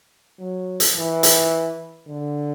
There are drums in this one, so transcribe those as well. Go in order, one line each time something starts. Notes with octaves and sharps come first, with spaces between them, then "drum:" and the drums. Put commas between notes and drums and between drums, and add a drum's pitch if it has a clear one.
F#3
drum: hi-hat
E3
drum: hi-hat
D3